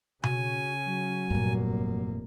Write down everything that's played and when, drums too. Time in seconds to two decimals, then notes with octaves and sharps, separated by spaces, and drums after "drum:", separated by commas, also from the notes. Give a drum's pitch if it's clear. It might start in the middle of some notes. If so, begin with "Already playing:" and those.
0.24 C#3 C#4 F#4 G#5, drum: tom B2
0.85 F#3
1.30 F1 G2 A#2 A#3